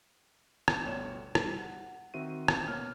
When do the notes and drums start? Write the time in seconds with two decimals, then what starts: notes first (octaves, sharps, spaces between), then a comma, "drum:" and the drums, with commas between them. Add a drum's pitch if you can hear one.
0.68 drum: rim click
0.84 G1 D2 B2 C#5 D5 E7
1.35 G3, drum: rim click
1.58 F#5
2.14 D#3 C4 F#4 C5 E5 D#7
2.48 drum: rim click
2.68 B2 A#3 C#5 A#5 F6